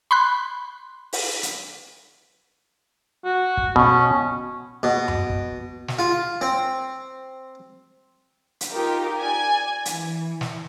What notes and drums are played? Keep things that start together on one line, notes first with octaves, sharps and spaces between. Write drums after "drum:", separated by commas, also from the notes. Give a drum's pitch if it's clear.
B5 C6 F#6
drum: open hi-hat
drum: hi-hat
F#4
drum: kick
B2 C#4, drum: kick
B2
drum: tom F#2
drum: kick
drum: snare
F4
C4
drum: hi-hat
D#4 F4 G4 A#4
D5 G#5
E3, drum: hi-hat
drum: snare